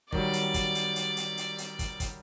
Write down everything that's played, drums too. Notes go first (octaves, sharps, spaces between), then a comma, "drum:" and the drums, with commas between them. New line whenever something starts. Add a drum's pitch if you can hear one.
D#3 F#3 G3 D5, drum: kick
drum: hi-hat
drum: kick, hi-hat
drum: hi-hat
drum: hi-hat
drum: hi-hat
drum: hi-hat
drum: hi-hat
drum: kick, hi-hat
drum: kick, hi-hat